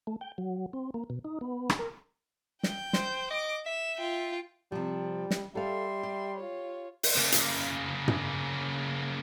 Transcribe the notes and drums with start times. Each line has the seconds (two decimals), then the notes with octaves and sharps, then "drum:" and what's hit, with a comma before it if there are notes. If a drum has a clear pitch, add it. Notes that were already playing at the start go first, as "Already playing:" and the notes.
0.07 A3
0.21 G5
0.38 F#3
0.73 C4
0.94 A#3
1.10 B2
1.25 D#4
1.41 B3
1.70 drum: rim click
1.79 A#4
2.63 G5 G6, drum: snare
2.93 C5, drum: snare
3.30 D#5 D6
3.66 E5 E7
3.97 F4 G5
4.72 C3 F3 G3
5.31 drum: snare
5.55 G3 A4 E5 F5 C6
6.03 G4
6.35 F4 C#5
7.03 drum: open hi-hat
7.16 C#3 A#3
7.32 drum: hi-hat
8.08 drum: tom